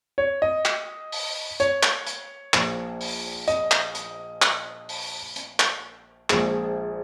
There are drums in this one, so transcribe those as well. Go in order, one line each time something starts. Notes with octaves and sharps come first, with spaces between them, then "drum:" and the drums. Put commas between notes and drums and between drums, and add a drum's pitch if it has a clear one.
C#5
D#5
drum: clap
drum: open hi-hat
C#5, drum: hi-hat
drum: clap
drum: hi-hat
A#1 A#2 F3, drum: clap
drum: open hi-hat
D#5, drum: hi-hat
drum: clap
drum: hi-hat
drum: clap
drum: open hi-hat
drum: hi-hat
drum: clap
A#1 A#2 F3 G#3, drum: clap